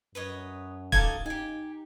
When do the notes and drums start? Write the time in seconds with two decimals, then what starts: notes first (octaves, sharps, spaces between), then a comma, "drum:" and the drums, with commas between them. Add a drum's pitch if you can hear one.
0.15 F#2 B4 C#5 D#5
0.92 D#4 A4 F5 D6 G#6, drum: kick
1.26 D#4 G4 G#5